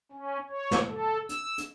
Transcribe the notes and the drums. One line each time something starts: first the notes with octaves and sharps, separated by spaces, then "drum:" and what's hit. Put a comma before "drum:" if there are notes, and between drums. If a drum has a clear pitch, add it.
C#4
C#5
drum: snare
A4
E6, drum: hi-hat
drum: hi-hat